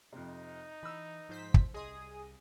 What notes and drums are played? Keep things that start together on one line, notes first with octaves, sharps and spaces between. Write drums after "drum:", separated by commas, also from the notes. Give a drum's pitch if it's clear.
F2 C3 D#4
E3 B5 E6
G#2 F3 C5 B6
drum: kick
C2 G#4 D#5 C6 D#6